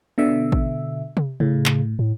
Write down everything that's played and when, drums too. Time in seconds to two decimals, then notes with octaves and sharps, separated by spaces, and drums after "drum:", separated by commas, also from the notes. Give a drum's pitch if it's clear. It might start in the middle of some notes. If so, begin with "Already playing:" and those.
0.18 B2 D3 E5
0.52 drum: kick A1
1.17 drum: tom C3
1.40 A2 C#3
1.66 drum: clap
1.99 A2